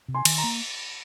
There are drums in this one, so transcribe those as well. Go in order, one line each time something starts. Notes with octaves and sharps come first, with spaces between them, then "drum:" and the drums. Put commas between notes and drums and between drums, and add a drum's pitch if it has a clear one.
C3
G#5 C6
D#3, drum: cymbal
A#5
A#3